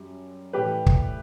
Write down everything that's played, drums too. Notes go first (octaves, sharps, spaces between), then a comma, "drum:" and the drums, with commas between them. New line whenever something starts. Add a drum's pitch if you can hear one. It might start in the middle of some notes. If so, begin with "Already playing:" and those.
Already playing: F#2 G3
A2 E3 G3 G4 B4
drum: kick